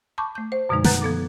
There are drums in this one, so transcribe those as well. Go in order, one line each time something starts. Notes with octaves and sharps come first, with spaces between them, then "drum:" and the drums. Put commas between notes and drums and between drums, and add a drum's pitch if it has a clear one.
A5 B5 C#6 D6 G6
A3 G6
C5
F#2 B2 D3 F3 G#3 D#4
B4 F#5 A#5 F#6 G6 A6, drum: snare
F3 B3 A4 D6